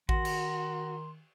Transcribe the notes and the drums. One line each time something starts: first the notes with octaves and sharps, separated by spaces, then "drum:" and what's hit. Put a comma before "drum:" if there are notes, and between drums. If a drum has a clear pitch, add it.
D#3 F#4 C6, drum: kick A1
drum: cymbal